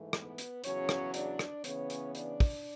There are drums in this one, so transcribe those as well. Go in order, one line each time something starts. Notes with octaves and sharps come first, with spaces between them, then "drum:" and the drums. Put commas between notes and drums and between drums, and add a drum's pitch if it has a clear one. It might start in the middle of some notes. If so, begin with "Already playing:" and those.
Already playing: G#2 E3 A3
B3 B4, drum: rim click
drum: hi-hat
E2 C#3 F#3 C#4 C#5, drum: hi-hat
drum: rim click
D4 D5, drum: hi-hat
drum: rim click
C#3 E3 B3 C#4 C#5, drum: hi-hat
drum: hi-hat
D4 D5, drum: hi-hat
drum: kick, open hi-hat